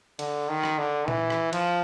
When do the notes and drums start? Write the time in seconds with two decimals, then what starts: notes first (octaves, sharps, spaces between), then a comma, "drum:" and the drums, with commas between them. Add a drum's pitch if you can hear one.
0.19 D3, drum: cymbal
0.49 D#3
0.64 drum: rim click
0.78 D3
1.08 E3, drum: tom A#2
1.30 drum: rim click
1.53 F3, drum: cymbal